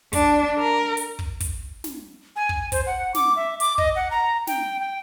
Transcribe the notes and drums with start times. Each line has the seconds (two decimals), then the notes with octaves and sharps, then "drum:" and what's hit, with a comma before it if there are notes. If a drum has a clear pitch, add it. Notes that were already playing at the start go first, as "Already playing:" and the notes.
0.13 D4, drum: kick, hi-hat
0.59 A#4
0.97 drum: hi-hat
1.19 drum: kick
1.40 drum: kick, hi-hat
1.84 drum: snare
2.36 G#5
2.49 drum: kick
2.72 C5, drum: kick, hi-hat
2.86 F#5
3.15 D6, drum: snare
3.36 E5
3.60 D6, drum: hi-hat
3.78 D#5, drum: kick
3.96 F#5
4.11 A#5
4.47 G5, drum: snare
4.80 G5